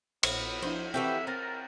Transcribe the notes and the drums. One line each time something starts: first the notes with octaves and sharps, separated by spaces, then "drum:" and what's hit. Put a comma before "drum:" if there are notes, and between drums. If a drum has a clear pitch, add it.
A#1 B3, drum: cymbal
F3 D4 E4 C5
E3 C4 F#4 G4 A4 E5
C4 A#4 A#5 A6 A#6